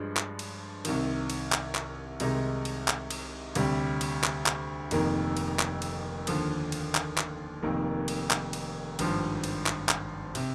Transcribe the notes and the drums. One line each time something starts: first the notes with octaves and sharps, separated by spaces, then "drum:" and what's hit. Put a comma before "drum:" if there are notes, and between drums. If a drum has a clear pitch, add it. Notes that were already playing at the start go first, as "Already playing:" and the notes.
Already playing: G2 F3 G#3 D4
drum: clap
drum: cymbal
C2 C3 D#3, drum: cymbal
drum: cymbal
drum: clap
drum: clap
C2 C3 D#3 G#3 D#4, drum: cymbal
drum: cymbal
drum: clap
drum: cymbal
D2 C3 G3, drum: cymbal
drum: cymbal
drum: clap
drum: clap
F1 F2 D#3 A#3, drum: cymbal
drum: cymbal
drum: clap
drum: cymbal
D#2 D3 F3, drum: cymbal
drum: cymbal
drum: clap
drum: clap
F1 F2 D#3 A#3
drum: cymbal
drum: clap
drum: cymbal
G#1 G2 F3, drum: cymbal
drum: cymbal
drum: clap
drum: clap
C3, drum: cymbal